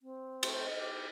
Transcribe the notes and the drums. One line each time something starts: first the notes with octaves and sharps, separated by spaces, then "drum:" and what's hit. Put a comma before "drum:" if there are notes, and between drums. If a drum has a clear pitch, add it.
C4
A3 C5 G5 C6, drum: cymbal
D#5
G4